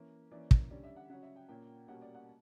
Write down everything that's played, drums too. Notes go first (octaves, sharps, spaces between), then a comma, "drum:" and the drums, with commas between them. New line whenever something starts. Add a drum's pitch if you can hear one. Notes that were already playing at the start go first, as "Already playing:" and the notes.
Already playing: E3 A#3 C#4
E3 A#3 C#4 D5
drum: kick
D3 G3 C#4 D5
E5
F#5
C#3 F#3 C#4 F#5
E5
G5
A#2 A#3 C#4 G5
B2 G3 A#3 C#4 F#5
D5
F#5